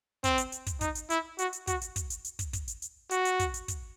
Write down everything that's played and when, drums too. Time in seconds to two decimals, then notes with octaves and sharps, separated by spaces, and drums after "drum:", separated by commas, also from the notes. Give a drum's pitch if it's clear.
0.24 C4, drum: kick, hi-hat
0.38 drum: hi-hat
0.52 drum: hi-hat
0.66 drum: kick, hi-hat
0.81 D#4, drum: kick, hi-hat
0.95 drum: hi-hat
1.10 E4, drum: hi-hat
1.39 F#4, drum: hi-hat
1.53 drum: hi-hat
1.67 F#4, drum: kick, hi-hat
1.81 drum: hi-hat
1.96 drum: kick, hi-hat
2.10 drum: hi-hat
2.25 drum: hi-hat
2.39 drum: kick, hi-hat
2.53 drum: kick, hi-hat
2.68 drum: hi-hat
2.82 drum: hi-hat
3.11 F#4, drum: hi-hat
3.25 drum: hi-hat
3.39 drum: kick, hi-hat
3.54 drum: hi-hat
3.68 drum: kick, hi-hat